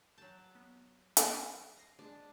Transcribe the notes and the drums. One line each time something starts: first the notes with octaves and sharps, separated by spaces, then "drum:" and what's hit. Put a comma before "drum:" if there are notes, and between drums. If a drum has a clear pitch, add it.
F#3 A5 G6
B3
drum: hi-hat
D#6 A#6 C7
G#3 D4 G#4